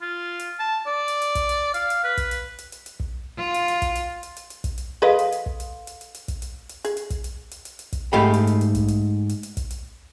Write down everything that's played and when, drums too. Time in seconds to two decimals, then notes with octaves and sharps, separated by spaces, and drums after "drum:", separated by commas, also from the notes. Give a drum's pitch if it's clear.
0.02 F4
0.39 drum: hi-hat
0.60 A5
0.86 D5
1.08 drum: hi-hat
1.22 drum: hi-hat
1.35 drum: kick, hi-hat
1.49 drum: hi-hat
1.74 F5, drum: hi-hat
1.90 drum: hi-hat
2.04 B4
2.17 drum: kick, hi-hat
2.31 drum: hi-hat
2.59 drum: hi-hat
2.72 drum: hi-hat
2.86 drum: hi-hat
3.00 drum: kick
3.37 F4
3.54 drum: hi-hat
3.68 drum: hi-hat
3.82 drum: kick, hi-hat
3.95 drum: hi-hat
4.23 drum: hi-hat
4.37 drum: hi-hat
4.50 drum: hi-hat
4.64 drum: kick, hi-hat
4.78 drum: hi-hat
5.02 G#4 A4 B4 D#5 F5 C6
5.19 drum: hi-hat
5.32 drum: hi-hat
5.46 drum: kick
5.60 drum: hi-hat
5.87 drum: hi-hat
6.01 drum: hi-hat
6.15 drum: hi-hat
6.28 drum: kick, hi-hat
6.42 drum: hi-hat
6.69 drum: hi-hat
6.85 G#4, drum: hi-hat
6.97 drum: hi-hat
7.10 drum: kick, hi-hat
7.24 drum: hi-hat
7.51 drum: hi-hat
7.65 drum: hi-hat
7.79 drum: hi-hat
7.93 drum: kick, hi-hat
8.13 G#2 A3 G4 F5 G5 B5
8.34 drum: hi-hat
8.47 drum: hi-hat
8.61 drum: hi-hat
8.75 drum: kick, hi-hat
8.88 drum: hi-hat
9.29 drum: hi-hat
9.43 drum: hi-hat
9.57 drum: kick, hi-hat
9.71 drum: hi-hat